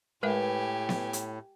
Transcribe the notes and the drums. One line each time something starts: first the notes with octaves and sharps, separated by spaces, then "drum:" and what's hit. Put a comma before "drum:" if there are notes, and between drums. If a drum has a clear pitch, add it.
A2 G#3 G4 A#4 B4 E5 G#5
drum: snare B3
drum: hi-hat